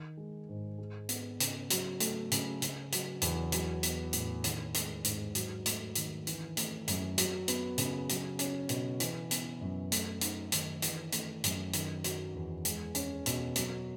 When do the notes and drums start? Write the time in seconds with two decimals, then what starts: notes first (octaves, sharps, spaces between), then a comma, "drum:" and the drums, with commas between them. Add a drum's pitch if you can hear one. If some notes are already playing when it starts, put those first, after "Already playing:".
Already playing: D#3
0.17 G#3
0.49 G#2
0.78 G#3
1.09 B3, drum: hi-hat
1.40 C#3, drum: hi-hat
1.70 F#3, drum: hi-hat
2.00 A3, drum: hi-hat
2.31 C#3, drum: hi-hat
2.62 C#3, drum: hi-hat
2.92 F#3, drum: hi-hat
3.22 E2, drum: hi-hat
3.52 F#3, drum: hi-hat
3.83 B3, drum: hi-hat
4.13 A2, drum: hi-hat
4.44 D#3, drum: hi-hat
4.74 G#3, drum: hi-hat
5.04 G#2, drum: hi-hat
5.35 F#3, drum: hi-hat
5.66 A3, drum: hi-hat
5.95 D#3, drum: hi-hat
6.27 E3, drum: hi-hat
6.57 A3, drum: hi-hat
6.88 F#2, drum: hi-hat
7.18 F#3, drum: hi-hat
7.48 B3, drum: hi-hat
7.78 C#3, drum: hi-hat
8.09 F#3, drum: hi-hat
8.39 C#4, drum: hi-hat
8.69 B2, drum: hi-hat
9.00 E3, drum: hi-hat
9.31 B3, drum: hi-hat
9.61 F#2
9.92 A3, drum: hi-hat
10.21 D#4, drum: hi-hat
10.52 D#3, drum: hi-hat
10.82 E3, drum: hi-hat
11.12 A3, drum: hi-hat
11.44 F#2, drum: hi-hat
11.73 D#3, drum: hi-hat
12.04 F#3, drum: hi-hat
12.34 E2
12.65 G#3, drum: hi-hat
12.95 C#4, drum: hi-hat
13.26 B2, drum: hi-hat
13.56 F#3, drum: hi-hat